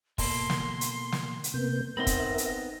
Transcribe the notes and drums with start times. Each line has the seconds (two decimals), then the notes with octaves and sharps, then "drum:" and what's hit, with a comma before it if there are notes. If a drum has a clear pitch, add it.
0.18 B2 A#3 A4 C6, drum: kick, open hi-hat
0.50 drum: snare
0.81 drum: hi-hat
1.12 drum: snare
1.44 drum: hi-hat
1.54 C3 A#3 B3 G6
1.97 B3 C4 D#4 A#4 E5 B5 C6 A#6
2.07 drum: kick, hi-hat
2.38 drum: hi-hat